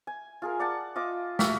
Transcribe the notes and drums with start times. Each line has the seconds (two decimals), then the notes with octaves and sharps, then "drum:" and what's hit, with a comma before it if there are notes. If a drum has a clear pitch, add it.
0.07 G#5
0.42 F4 G#4 A#4
0.59 D5 F#5 A5
0.96 F4 D#5 D6
1.39 F#4 G4 E5 F5, drum: snare